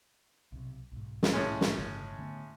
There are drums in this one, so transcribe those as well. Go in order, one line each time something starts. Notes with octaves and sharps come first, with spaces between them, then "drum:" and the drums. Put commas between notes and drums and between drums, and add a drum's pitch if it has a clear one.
B1 C3
B1 G#2
drum: snare
A2 G#3 C#4
drum: snare
G1 C#3
D3 A3 B3